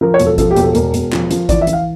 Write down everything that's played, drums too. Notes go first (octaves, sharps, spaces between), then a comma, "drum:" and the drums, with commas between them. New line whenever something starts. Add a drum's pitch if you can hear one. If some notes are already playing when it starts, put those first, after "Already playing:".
F3 A#4
C#5
E1, drum: hi-hat
A4
F3 A4, drum: kick G#1, hi-hat
G4
E1, drum: hi-hat
A4
E1 A#4, drum: hi-hat
E1, drum: hi-hat
F3, drum: clap
F3, drum: hi-hat
E3 D5, drum: kick G#1, hi-hat
E5
E3, drum: hi-hat
F5